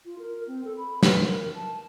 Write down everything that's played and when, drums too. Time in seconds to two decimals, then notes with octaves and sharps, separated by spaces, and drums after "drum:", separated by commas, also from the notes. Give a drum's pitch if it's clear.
0.06 F4
0.19 A#4
0.47 C4
0.65 A4
0.77 B5
1.03 B4, drum: snare
1.22 A#4
1.56 A5